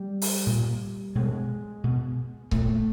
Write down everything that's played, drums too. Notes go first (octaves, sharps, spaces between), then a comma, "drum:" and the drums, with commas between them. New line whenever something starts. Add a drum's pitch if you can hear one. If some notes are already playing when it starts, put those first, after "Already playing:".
Already playing: G3
drum: open hi-hat
A#2
B2 G#3
B2
A#2 A3, drum: kick C#1